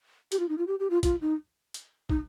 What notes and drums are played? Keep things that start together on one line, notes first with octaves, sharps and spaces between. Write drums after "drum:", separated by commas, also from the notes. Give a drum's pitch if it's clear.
G4, drum: hi-hat
F4
D#4
F4
G4
G4
F4
F4, drum: kick, hi-hat
D#4
drum: hi-hat
D#4, drum: kick